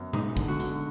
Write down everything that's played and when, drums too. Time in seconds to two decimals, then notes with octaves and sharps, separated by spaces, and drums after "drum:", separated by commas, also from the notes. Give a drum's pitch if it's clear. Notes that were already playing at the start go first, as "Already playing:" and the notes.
Already playing: F#2 B3
0.13 G#3 D#4, drum: tom A#2
0.37 D3, drum: kick, hi-hat
0.48 F#4
0.60 D3, drum: hi-hat